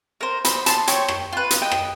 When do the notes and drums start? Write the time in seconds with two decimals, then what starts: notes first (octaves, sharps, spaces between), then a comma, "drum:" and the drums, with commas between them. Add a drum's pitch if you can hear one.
0.21 A#4 C5
0.45 C5 B5, drum: hi-hat
0.66 A5 C6, drum: hi-hat
0.87 C#5 G5 C#6, drum: hi-hat
1.08 drum: rim click
1.32 F4 B4
1.50 drum: hi-hat
1.62 D#5 G5
1.72 drum: rim click